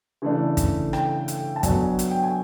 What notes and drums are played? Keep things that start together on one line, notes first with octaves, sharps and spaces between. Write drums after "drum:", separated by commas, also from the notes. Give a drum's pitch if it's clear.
C#3 E3 A3 D4
drum: kick, hi-hat
G5, drum: rim click
drum: hi-hat
A5
F#3 B3 D4 G#5, drum: kick, hi-hat
drum: hi-hat
G5
G#5